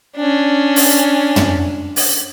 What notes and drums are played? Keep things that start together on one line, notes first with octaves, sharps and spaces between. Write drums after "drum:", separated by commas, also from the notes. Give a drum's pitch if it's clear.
C#4 D4
drum: open hi-hat
drum: tom
drum: open hi-hat